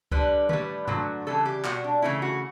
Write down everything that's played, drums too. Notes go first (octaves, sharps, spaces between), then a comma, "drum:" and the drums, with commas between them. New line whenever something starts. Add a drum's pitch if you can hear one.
D3 G3 B4, drum: kick C#2
A2 G3 B4, drum: tom D3
D3 F#3 A3, drum: tom G2
C#3 E3 G3 A4
G4
B2 G3 F#4, drum: clap
D4
C#3 E3 A3 E4
F#4